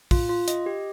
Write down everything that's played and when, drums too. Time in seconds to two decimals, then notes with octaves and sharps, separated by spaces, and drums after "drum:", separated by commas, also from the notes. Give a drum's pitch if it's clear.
0.11 F4, drum: kick, open hi-hat
0.29 F4
0.48 D#5, drum: hi-hat
0.66 G4